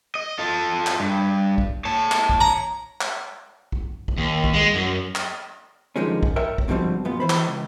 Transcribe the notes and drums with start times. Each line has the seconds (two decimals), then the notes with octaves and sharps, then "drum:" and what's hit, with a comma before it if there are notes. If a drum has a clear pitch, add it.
0.15 D#5
0.39 F4 A4
0.87 drum: clap
1.00 G2
1.58 drum: kick
1.85 C#5 A5
2.12 drum: clap
2.29 drum: kick
2.41 A#5
3.01 drum: clap
3.72 drum: kick
4.08 drum: kick
4.17 D#2
4.44 drum: kick
4.54 G#3
4.74 F#2
5.15 drum: clap
5.96 F#2 D3 D#3 F3 G#3 C#4
6.23 drum: kick
6.36 A#4 C#5 E5 G5
6.58 drum: kick
6.68 G#2 B2 D3 F3 G3 C4
7.05 F#2 A#2 B3 F4
7.20 E3 C5 B5
7.30 drum: clap
7.48 C#2